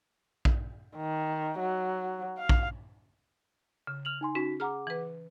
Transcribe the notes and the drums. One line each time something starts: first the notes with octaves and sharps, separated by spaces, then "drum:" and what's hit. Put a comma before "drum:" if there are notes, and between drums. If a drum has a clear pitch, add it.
drum: kick A#1
D#3
F#3
F5
drum: kick A#1
C#3
F6 F7 F#7
D#4 G#5 C6
C#4 D#4 F#4 B6
G#4 F#5 A#5 D6 F6
E3 B4